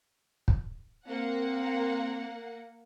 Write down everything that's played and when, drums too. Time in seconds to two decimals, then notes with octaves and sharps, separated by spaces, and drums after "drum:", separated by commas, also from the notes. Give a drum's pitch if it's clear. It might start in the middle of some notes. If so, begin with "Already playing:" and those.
0.48 drum: kick
1.07 A#3 C4 F#5